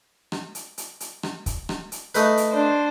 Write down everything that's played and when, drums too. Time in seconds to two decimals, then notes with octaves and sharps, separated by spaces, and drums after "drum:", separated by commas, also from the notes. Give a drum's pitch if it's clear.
0.32 drum: rim click
0.55 drum: hi-hat
0.78 drum: hi-hat
1.00 drum: hi-hat
1.23 drum: rim click
1.46 drum: kick, hi-hat
1.69 drum: rim click
1.92 drum: hi-hat
2.15 A3 D#4 B4, drum: hi-hat
2.37 drum: hi-hat
2.52 D4 C5